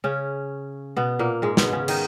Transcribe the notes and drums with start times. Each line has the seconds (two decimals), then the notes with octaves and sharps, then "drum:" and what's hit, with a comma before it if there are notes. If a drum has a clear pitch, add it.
0.04 C#3 C#4
0.96 B2 B3
1.19 A#2 A#3
1.42 G#2 G#3
1.57 B2 B3, drum: snare
1.73 C#3 C#4
1.88 D#3 D#4, drum: cymbal